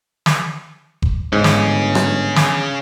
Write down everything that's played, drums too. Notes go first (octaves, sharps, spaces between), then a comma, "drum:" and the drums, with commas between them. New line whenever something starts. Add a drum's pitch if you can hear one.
drum: snare
drum: kick F#1
G1 G#2 C#4 G#4
drum: snare
drum: rim click
drum: snare